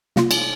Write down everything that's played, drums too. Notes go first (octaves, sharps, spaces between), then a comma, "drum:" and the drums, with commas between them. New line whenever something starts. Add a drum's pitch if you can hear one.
C3 A#3 F4, drum: snare
drum: cymbal